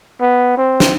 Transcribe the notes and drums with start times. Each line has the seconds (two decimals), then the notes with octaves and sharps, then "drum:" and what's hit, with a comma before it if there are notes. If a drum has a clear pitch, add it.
0.21 B3
0.57 C4
0.80 drum: snare